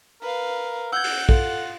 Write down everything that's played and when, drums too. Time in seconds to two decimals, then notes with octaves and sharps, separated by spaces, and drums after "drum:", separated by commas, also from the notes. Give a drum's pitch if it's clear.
0.22 A#4 B4 F5
0.92 F#5 E6 G6 G#6
1.04 drum: open hi-hat
1.29 F4 A4, drum: kick